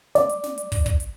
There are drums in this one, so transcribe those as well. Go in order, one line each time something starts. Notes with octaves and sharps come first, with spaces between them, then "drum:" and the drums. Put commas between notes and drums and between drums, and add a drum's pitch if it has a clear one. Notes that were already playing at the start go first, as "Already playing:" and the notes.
D5, drum: snare
drum: hi-hat
drum: snare
drum: hi-hat
drum: kick, open hi-hat
drum: kick, hi-hat
drum: hi-hat